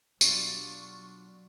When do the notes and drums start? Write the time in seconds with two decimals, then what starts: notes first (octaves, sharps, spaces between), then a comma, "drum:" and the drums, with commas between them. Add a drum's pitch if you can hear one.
0.21 B2 F#3 G3 D4 F4 C#6, drum: tambourine